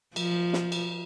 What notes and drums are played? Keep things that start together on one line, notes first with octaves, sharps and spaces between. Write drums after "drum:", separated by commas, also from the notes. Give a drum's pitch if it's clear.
F3, drum: cymbal
drum: snare
drum: cymbal